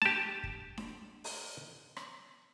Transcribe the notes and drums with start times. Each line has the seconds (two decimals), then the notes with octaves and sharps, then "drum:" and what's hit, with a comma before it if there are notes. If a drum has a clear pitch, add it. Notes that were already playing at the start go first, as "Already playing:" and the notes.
0.02 G4 A5, drum: snare D4
0.44 drum: kick
0.77 drum: snare D4
1.24 drum: open hi-hat
1.97 drum: rim click